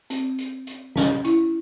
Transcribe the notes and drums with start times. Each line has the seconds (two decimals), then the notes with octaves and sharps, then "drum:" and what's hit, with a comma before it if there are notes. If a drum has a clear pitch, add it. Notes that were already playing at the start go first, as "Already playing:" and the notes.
0.10 C4, drum: hi-hat
0.38 drum: hi-hat
0.67 drum: hi-hat
0.96 C#4, drum: snare
1.25 E4, drum: hi-hat